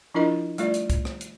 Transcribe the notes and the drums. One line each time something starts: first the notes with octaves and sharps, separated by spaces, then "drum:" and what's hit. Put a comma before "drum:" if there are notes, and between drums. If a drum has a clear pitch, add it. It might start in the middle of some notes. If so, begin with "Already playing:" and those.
F3 D4 E4 F4 A#4 D#5
G3 A3 F4 D5, drum: hi-hat
drum: hi-hat
drum: kick C2, hi-hat
drum: rim click
drum: hi-hat